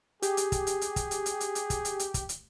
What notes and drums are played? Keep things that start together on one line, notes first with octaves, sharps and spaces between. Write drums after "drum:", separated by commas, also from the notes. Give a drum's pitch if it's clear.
G4 G#4, drum: hi-hat
drum: hi-hat
drum: kick, hi-hat
drum: hi-hat
drum: hi-hat
drum: kick, hi-hat
drum: hi-hat
drum: hi-hat
drum: hi-hat
drum: hi-hat
drum: kick, hi-hat
drum: hi-hat
drum: hi-hat
drum: kick, hi-hat
drum: hi-hat